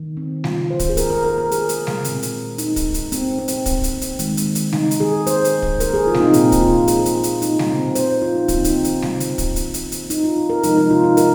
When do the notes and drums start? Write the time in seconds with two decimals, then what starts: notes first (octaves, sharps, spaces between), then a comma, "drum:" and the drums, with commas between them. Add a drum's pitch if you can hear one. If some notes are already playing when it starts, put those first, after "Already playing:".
Already playing: D#3
0.17 C4
0.44 F4, drum: snare
0.70 C5
0.79 drum: kick, hi-hat
0.89 G#4
0.97 A#4, drum: hi-hat
1.10 A#4
1.24 A#4
1.38 A#4
1.51 G#4, drum: hi-hat
1.69 drum: hi-hat
1.87 drum: snare
2.04 A#2 G#3 C4, drum: hi-hat
2.23 drum: hi-hat
2.58 D#4, drum: hi-hat
2.76 drum: kick, hi-hat
2.94 drum: hi-hat
3.12 C4, drum: hi-hat
3.39 C4
3.48 drum: hi-hat
3.66 drum: kick, hi-hat
3.84 drum: hi-hat
4.01 drum: hi-hat
4.19 D#3 G#3 C4, drum: hi-hat
4.37 drum: hi-hat
4.55 drum: hi-hat
4.72 D#4, drum: snare
4.91 drum: hi-hat
5.00 G#4
5.27 C5, drum: hi-hat
5.45 drum: hi-hat
5.62 drum: kick
5.80 A#4, drum: hi-hat
5.94 G#4
6.07 F4
6.14 C4, drum: snare
6.20 D#4
6.34 A#2 A#3 C4, drum: hi-hat
6.52 drum: kick, hi-hat
6.61 F4
6.88 G#4, drum: hi-hat
7.06 drum: hi-hat
7.23 drum: hi-hat
7.42 D#4, drum: hi-hat
7.59 drum: snare
7.69 C4
7.95 C5, drum: hi-hat
8.22 F4
8.36 D#4
8.48 D#3 A#3 C4, drum: kick, hi-hat
8.57 D#4
8.64 C4, drum: hi-hat
8.84 drum: hi-hat
9.02 drum: snare
9.20 drum: hi-hat
9.38 drum: kick, hi-hat
9.56 drum: hi-hat
9.74 drum: hi-hat
9.92 drum: hi-hat
10.10 D#4, drum: hi-hat
10.24 F4
10.50 A#4
10.63 C3 F3 G#3 C4 D#4, drum: hi-hat
10.77 D#4
10.90 F4
11.04 D#4
11.17 A#4, drum: hi-hat